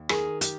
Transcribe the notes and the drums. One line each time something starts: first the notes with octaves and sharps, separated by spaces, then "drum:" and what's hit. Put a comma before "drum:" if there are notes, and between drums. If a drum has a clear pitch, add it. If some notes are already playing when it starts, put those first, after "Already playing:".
Already playing: D#2
D#3 G#4, drum: rim click
G4, drum: hi-hat